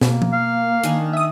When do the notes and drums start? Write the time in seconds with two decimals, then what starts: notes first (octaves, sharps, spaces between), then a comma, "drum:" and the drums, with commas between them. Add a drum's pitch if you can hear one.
0.01 B2 A#3, drum: snare
0.22 drum: tom
0.33 F5
0.84 D#3 D4 G#5, drum: hi-hat
1.13 E5 D#6